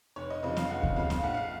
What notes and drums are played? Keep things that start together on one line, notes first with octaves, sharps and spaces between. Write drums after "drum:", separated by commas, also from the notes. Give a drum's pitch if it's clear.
F1 C#5
D#5
F2 C#3 F3 D#5
F5, drum: snare
F1 F#5
drum: kick D2
F2 C#3 F3 F5
drum: snare
A#1 F#5
F5